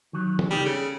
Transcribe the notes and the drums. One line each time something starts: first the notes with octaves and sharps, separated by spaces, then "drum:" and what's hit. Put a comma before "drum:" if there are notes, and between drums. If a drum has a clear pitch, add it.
D#3 F#3
drum: tom D#3
C#2 G3 D#4 G5
C#3 A4